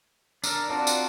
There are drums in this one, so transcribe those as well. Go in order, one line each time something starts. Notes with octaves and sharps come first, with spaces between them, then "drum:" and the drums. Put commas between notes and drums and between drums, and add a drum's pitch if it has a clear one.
D4 A4 A#4, drum: tambourine
C4 D4 F4 F#4
drum: tambourine